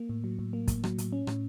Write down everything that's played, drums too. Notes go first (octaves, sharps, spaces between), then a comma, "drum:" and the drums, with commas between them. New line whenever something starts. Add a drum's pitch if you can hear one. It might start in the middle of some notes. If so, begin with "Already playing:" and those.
Already playing: A#3
A2
F#3
A2
A#3
A2, drum: kick, hi-hat
F#3, drum: rim click
A2, drum: hi-hat
C#4
A2, drum: rim click